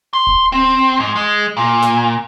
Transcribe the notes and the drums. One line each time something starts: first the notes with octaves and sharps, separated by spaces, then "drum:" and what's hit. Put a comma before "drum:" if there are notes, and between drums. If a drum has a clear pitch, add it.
C6
drum: kick D1
C4
G#2
G#3
A#2
drum: snare